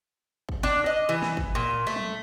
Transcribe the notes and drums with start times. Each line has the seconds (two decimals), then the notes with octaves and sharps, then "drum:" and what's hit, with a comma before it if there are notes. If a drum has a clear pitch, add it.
0.49 drum: kick
0.63 D4
0.86 D#5
1.09 E3
1.22 drum: snare
1.37 drum: kick
1.55 A#2
1.87 A3
1.96 drum: tom